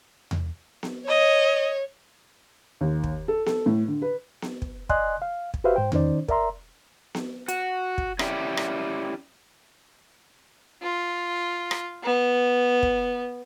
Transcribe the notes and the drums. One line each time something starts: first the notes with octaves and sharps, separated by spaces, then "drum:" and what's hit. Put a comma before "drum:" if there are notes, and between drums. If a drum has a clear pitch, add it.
drum: tom E2
drum: snare B3
C#5 D#5
D#2
drum: kick
A4
A4, drum: snare B3
A2
D3
B4
drum: snare B3
drum: kick
D5 D#5 G#5 C6 F#6, drum: kick
F5
drum: kick
F#4 G4 B4 C5 E5 F5
G#2 C5 G5
D#3 C#4 D#4 C5 D5, drum: tom E2
A#4 D5 E5 A#5 C6, drum: kick
drum: snare B3
F#4, drum: hi-hat
drum: kick
C#4 E4 G4 D5, drum: rim click
drum: rim click
F4
drum: rim click
B3
drum: kick